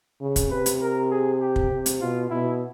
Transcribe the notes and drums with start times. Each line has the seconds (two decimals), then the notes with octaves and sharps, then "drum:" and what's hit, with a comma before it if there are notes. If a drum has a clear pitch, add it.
0.21 C#3
0.36 drum: kick, hi-hat
0.50 C3 B4
0.66 drum: hi-hat
0.81 A#4
1.11 G#4
1.41 G4
1.56 drum: kick
1.71 C3
1.86 drum: hi-hat
2.01 B2 F4
2.30 B2 E4